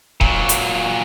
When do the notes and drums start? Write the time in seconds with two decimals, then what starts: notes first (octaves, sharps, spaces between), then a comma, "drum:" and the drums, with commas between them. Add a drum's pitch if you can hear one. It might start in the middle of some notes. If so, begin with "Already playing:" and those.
0.21 A#2 F#3, drum: kick D#1
0.49 drum: hi-hat